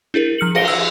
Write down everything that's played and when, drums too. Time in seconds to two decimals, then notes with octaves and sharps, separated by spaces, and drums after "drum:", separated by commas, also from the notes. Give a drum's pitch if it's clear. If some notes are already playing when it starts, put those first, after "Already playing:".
0.14 D4 E4 G#4 A#4
0.38 F3 F6 C#7 F#7
0.55 G#4 F5 A#6 C#7 D7 G7, drum: cymbal
0.68 E6